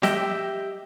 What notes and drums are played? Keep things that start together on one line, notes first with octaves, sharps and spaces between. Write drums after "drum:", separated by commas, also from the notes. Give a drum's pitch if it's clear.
G4 D#5 E5 G5, drum: snare